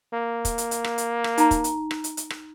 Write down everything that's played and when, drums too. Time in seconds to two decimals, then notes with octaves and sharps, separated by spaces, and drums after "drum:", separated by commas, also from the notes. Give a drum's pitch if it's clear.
0.13 A#3
0.45 drum: kick, hi-hat
0.58 drum: hi-hat
0.71 drum: hi-hat
0.84 drum: rim click
0.98 drum: hi-hat
1.24 drum: rim click
1.38 D#4 A#5, drum: hi-hat
1.51 drum: kick, hi-hat
1.64 drum: hi-hat
1.91 drum: rim click
2.04 drum: hi-hat
2.17 drum: hi-hat
2.30 drum: rim click